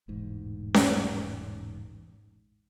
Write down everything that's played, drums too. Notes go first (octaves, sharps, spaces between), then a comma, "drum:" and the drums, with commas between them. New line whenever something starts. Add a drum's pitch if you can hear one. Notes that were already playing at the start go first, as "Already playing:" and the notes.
E1 A1 G#2
drum: snare C#4